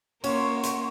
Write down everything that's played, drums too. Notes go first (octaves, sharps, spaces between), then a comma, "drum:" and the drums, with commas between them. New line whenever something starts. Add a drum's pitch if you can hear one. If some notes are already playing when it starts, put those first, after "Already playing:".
A#3 C#4 F#5 C6 C#6, drum: cymbal
drum: hi-hat